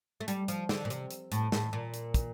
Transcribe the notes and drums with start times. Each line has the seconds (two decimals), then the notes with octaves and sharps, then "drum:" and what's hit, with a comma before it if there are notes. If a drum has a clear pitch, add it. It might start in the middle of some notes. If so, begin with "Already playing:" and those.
0.20 A3
0.28 G3, drum: hi-hat
0.48 F3, drum: hi-hat
0.69 D3, drum: snare
0.85 A#2
0.90 C3, drum: hi-hat
1.11 drum: hi-hat
1.32 A2, drum: hi-hat
1.52 A2, drum: snare
1.73 A#2
1.94 drum: hi-hat
2.14 drum: kick, hi-hat